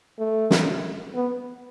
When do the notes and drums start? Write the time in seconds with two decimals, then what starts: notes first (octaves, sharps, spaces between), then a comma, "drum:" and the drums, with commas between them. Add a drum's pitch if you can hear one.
0.19 A3
0.51 drum: snare
1.15 B3